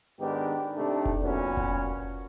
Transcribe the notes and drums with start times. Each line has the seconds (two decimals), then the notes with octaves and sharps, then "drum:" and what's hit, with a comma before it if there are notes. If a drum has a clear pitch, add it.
0.20 G#2 D#3 B3 D4 G4
0.76 C3 A3 D4 D#4 G4
1.06 drum: kick F1
1.23 F#2 A#2 B3 C#4 F#4
1.57 drum: kick F1